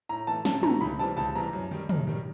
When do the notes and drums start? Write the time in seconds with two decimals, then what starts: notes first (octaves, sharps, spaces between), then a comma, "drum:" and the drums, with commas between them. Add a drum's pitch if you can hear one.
0.09 A2 A#5
0.27 E3 A3 A5
0.45 A2 A5, drum: snare
0.63 E3 A3 A#5, drum: tom
0.81 C#2 B5
0.99 C3 E3 G3 C4 A5
1.17 C#2 A5
1.35 C3 E3 G3 C4 A#5
1.53 F#2
1.71 D#3 G3
1.89 F#2, drum: tom
2.07 D#3 G3